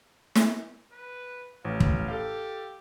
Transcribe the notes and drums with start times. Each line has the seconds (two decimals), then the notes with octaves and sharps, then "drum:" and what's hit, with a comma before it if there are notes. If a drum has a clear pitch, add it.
0.35 drum: snare
0.93 B4
1.65 A1 F5
1.80 drum: kick
2.08 G4 A4 F5